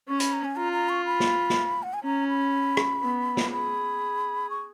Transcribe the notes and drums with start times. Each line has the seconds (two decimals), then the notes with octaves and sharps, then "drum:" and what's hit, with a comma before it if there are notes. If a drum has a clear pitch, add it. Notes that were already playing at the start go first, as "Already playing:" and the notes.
0.08 C#4 C#6
0.20 B5, drum: hi-hat
0.33 A#5
0.44 G#5
0.56 F4 A#5
0.73 A#5
0.89 C#6
1.05 B5
1.20 drum: snare
1.50 drum: snare
1.83 F#5
1.94 G#5
2.04 C#4 A#5
2.28 B5
2.77 drum: rim click
3.02 B3
3.37 drum: snare
3.51 G#4 B5
4.50 C#6